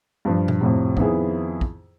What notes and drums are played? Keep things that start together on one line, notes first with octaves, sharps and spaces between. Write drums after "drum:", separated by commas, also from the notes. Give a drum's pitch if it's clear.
G2 F3
drum: tom A#2
F2 A2 C3
F2 D#3 B3 E4 G#4, drum: kick
drum: kick